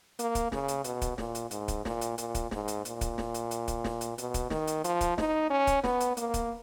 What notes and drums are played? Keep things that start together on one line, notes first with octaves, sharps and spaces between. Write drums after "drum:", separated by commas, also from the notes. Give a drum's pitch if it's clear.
A#3, drum: hi-hat
drum: kick, hi-hat
C#3, drum: snare
drum: hi-hat
B2, drum: hi-hat
drum: kick, hi-hat
A#2, drum: snare
drum: hi-hat
G#2, drum: hi-hat
drum: kick, hi-hat
A#2, drum: snare
drum: hi-hat
A#2, drum: hi-hat
drum: kick, hi-hat
G#2, drum: snare
drum: hi-hat
A#2, drum: hi-hat
drum: kick, hi-hat
drum: snare
drum: hi-hat
drum: hi-hat
drum: kick, hi-hat
drum: snare
drum: hi-hat
B2, drum: hi-hat
drum: kick, hi-hat
D#3, drum: snare
drum: hi-hat
F3, drum: hi-hat
drum: kick, hi-hat
D#4, drum: snare
C#4
drum: kick, hi-hat
B3, drum: snare
drum: hi-hat
A#3, drum: hi-hat
drum: kick, hi-hat